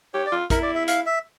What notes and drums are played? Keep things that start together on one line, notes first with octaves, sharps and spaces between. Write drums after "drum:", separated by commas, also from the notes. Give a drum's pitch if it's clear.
G4 C#5
D5
F4
E4 A#4, drum: kick A1, hi-hat
D5
E5
F5, drum: hi-hat
E5